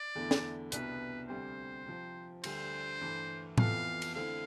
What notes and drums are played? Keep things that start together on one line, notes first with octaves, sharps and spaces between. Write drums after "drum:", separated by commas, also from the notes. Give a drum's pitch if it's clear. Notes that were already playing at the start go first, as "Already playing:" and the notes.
Already playing: D5
E2 D3 A3 E4
drum: snare
C2 B2 B3 D4 B4, drum: hi-hat
D2 C3 G3 C5
C3 F3 C4
D2 D3 G3 C5, drum: cymbal
G2 E3 A3
F2 E3 B3 F4 A4 F5, drum: tom A2
drum: cymbal
D3 A3 C4 E4 F5